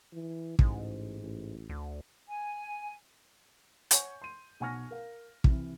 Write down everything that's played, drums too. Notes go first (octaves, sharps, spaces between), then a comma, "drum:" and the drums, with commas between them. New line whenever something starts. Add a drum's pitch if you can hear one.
E3
A1 G#2, drum: kick
A1
D2
G#5
C#5 F#5 G#5 C#6 G6, drum: hi-hat
C6 D#7
B1 F#5 G#5 C#6 F6 A#6
A#4 F5
C3 E3, drum: kick